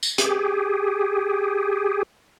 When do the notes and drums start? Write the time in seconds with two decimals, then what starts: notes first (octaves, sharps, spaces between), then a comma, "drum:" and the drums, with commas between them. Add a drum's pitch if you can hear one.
0.03 drum: tambourine
0.18 G4 G#4, drum: hi-hat